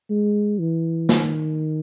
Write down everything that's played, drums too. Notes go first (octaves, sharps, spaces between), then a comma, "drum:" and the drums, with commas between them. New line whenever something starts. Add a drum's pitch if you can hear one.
G#3
E3
D#3, drum: snare